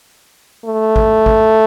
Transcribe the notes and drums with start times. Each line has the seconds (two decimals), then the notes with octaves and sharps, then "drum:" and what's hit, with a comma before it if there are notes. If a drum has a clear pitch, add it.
0.65 A3
0.96 drum: kick G#1
1.26 drum: kick G#1